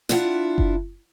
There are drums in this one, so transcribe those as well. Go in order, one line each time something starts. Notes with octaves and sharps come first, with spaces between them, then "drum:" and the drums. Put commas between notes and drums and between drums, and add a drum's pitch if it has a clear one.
D4 E4 F4 F#5, drum: snare
drum: kick F#1